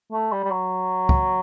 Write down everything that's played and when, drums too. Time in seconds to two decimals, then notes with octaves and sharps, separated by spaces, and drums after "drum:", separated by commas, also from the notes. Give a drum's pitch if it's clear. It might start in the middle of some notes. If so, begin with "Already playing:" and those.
0.12 A3
0.32 G3
0.44 G3
0.51 F#3
1.09 drum: kick